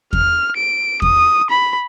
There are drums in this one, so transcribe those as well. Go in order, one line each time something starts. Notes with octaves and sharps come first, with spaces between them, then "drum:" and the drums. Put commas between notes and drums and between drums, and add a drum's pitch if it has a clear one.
F6, drum: kick E2
D7
D#6, drum: kick E2
B5